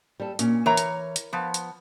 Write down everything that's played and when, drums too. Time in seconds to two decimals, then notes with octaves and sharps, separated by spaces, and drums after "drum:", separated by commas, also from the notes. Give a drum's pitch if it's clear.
0.20 G3 A4
0.39 A#2 C#4, drum: hi-hat
0.66 E3 A#4 C#5 A#5
0.77 drum: hi-hat
1.16 drum: hi-hat
1.33 F3 B3
1.54 drum: hi-hat